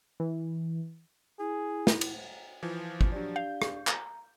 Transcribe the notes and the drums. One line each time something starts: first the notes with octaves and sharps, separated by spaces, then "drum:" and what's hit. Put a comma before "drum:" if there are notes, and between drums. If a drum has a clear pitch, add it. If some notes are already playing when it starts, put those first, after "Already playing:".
E3
E4 G#4
drum: snare
drum: cymbal
E3 F3
drum: kick
F3 F#3 D4 G4 D5
F5 G6
drum: rim click
A#5, drum: clap